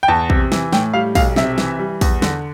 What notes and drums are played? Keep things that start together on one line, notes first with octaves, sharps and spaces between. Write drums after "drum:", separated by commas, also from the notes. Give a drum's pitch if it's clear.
G5
E2 A5
C3, drum: kick
E3, drum: snare
A2 G5, drum: snare
G3 F5
B1 F5, drum: kick, open hi-hat
C3 E5, drum: snare
E3, drum: snare
G3
E2, drum: kick, open hi-hat
D3, drum: snare